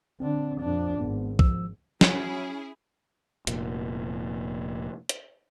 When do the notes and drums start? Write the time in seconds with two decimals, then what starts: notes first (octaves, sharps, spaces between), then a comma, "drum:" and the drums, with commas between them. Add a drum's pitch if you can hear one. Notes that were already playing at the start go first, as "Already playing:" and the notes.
0.20 D3 C4 D4
0.60 F2 D4
1.00 G#1 B3
1.39 F3 E6, drum: kick
2.01 F#3 C#4 E4 G#4, drum: snare
3.47 F1 A#2, drum: hi-hat
5.09 drum: hi-hat